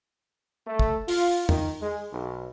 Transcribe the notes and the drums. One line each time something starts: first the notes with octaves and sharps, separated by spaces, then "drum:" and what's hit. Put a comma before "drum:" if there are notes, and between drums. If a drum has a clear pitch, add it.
A3
drum: kick
F4, drum: open hi-hat
D#3, drum: tom E2
G#3
B1